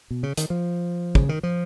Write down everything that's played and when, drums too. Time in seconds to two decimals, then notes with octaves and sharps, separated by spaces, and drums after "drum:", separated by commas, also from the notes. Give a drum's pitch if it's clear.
0.11 B2
0.23 C#3
0.37 D#3, drum: hi-hat
0.50 F3
1.15 C#3, drum: kick
1.29 D#3
1.43 F3